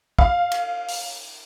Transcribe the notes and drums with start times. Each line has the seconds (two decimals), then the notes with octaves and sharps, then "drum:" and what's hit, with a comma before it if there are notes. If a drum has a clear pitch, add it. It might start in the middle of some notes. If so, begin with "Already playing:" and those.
0.19 F5, drum: kick
0.51 drum: cymbal
0.88 drum: open hi-hat